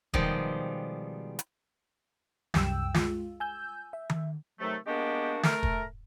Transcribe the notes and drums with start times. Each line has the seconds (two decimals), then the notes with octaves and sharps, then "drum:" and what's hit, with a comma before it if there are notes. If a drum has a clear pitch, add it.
0.14 B2 D#3 F3 G3 G#3 D#4, drum: kick
1.39 drum: hi-hat
2.54 C2 F#2 G3 G5 E6, drum: snare
2.94 G#3 F4, drum: snare
3.40 G#5 E6 G6
3.93 E5
4.10 drum: tom D#3
4.60 C3 D#3 F#3 A3
4.86 G#3 A#3 B3 D4 F#4 G4
5.43 A3 A#4, drum: snare
5.63 drum: kick